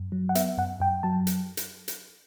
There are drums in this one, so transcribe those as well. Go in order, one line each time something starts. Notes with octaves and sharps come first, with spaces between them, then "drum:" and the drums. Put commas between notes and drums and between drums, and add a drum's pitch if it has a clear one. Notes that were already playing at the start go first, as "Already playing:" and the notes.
Already playing: F#2
F#3
F#5
B3 E5, drum: hi-hat
F#2 F#5
F#2 G5
F#3 A5
drum: hi-hat
drum: hi-hat
drum: hi-hat